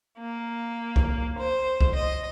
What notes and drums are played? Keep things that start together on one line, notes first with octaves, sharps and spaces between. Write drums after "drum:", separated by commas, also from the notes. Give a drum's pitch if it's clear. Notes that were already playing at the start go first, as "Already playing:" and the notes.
A#3
drum: kick C2
C5
drum: kick C2
D#5